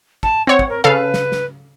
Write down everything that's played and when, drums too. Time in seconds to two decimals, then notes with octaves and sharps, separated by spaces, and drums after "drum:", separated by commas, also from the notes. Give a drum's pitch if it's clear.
0.23 A5, drum: kick
0.47 C4 C#5 F#5
0.59 drum: kick
0.69 A#4
0.84 C#3 A4 B4 F5
1.14 drum: snare
1.32 drum: snare